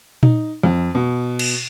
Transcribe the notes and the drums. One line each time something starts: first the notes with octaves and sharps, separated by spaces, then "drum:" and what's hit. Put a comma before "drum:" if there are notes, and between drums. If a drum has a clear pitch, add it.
D#4, drum: tom A#2
F2
B2
drum: cymbal